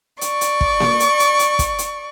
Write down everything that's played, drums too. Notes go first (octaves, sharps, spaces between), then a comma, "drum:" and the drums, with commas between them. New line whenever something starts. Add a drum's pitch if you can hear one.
D5 C#6, drum: hi-hat
drum: hi-hat
drum: kick
drum: snare A#3
drum: hi-hat
drum: hi-hat
drum: hi-hat
drum: kick, hi-hat
drum: hi-hat